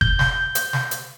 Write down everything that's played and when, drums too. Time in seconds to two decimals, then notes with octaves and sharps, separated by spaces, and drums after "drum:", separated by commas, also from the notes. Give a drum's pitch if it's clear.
0.01 G6, drum: kick F#1
0.19 drum: snare
0.55 drum: hi-hat
0.73 drum: snare
0.91 drum: hi-hat